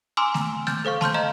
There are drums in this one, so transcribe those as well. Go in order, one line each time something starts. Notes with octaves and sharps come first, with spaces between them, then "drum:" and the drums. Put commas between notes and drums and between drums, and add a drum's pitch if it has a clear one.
G#5 A#5 C6 D6 E6 F6
drum: snare A3
F6 G6 A6, drum: snare A3
A4 C5 F5 C#6
A5 C6 F6 G6, drum: snare A3
D#5 F5 A#5